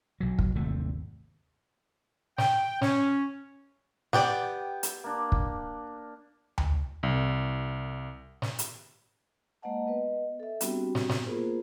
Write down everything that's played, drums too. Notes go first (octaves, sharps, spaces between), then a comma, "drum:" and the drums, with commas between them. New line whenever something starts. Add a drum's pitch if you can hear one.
B1 F#3
drum: kick
G#1 D#2 C3 A3
G5, drum: snare
C#4, drum: snare
B3 G4 D5 G5, drum: snare
drum: hi-hat
A#3 D4
drum: kick
drum: tom D2
C2
drum: snare
drum: hi-hat
G#3 A#3 C5 D#5 F#5 A5
B3 B4 D#5
A4 E5
G3 B3 C4 D4 F#4 G4, drum: hi-hat
drum: snare
drum: snare
A#3 B3 F4 G#4 A#4 C5